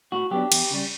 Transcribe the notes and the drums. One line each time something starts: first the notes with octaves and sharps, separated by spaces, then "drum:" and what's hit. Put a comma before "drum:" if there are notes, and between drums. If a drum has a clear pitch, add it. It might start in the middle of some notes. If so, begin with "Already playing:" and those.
A2 F#4
F#3 B3 D4 G4
E2, drum: cymbal
C#3 G3